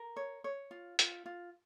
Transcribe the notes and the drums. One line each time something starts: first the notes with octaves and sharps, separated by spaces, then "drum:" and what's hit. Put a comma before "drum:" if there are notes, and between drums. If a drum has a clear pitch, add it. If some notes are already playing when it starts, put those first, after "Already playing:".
Already playing: A#4
C#5
C#5
F4
F4, drum: hi-hat
F4